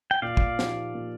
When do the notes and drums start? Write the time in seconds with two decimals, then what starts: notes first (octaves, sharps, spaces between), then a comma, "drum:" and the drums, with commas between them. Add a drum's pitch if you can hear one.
0.11 G5
0.22 A#2 D5 F5
0.37 drum: kick
0.59 F3 A#3 D#4 G4, drum: snare
0.94 A#2